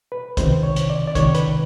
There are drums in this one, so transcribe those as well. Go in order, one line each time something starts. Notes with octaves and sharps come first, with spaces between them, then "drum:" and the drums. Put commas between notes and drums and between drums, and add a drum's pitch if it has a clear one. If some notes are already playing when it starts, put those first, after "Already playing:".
B4
C#2 C3 D#3 C5, drum: kick, hi-hat
C#5
drum: hi-hat
D5
D5
C#2 C3 D#3 C#5, drum: kick, hi-hat
B4, drum: hi-hat